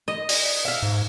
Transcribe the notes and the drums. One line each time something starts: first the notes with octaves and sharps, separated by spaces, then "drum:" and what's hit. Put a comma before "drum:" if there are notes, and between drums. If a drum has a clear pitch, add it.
D#5
D5, drum: open hi-hat
E5 F5
G#2